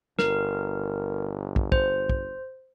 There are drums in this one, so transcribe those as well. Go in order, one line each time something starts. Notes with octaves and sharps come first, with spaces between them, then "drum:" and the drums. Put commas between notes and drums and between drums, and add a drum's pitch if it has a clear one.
G1 A#4, drum: snare
drum: kick
C5, drum: kick
drum: kick